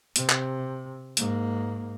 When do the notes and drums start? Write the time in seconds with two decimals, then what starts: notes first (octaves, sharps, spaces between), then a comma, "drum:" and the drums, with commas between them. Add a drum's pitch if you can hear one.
0.16 C3, drum: hi-hat
0.29 drum: clap
1.17 G#2 A#3, drum: hi-hat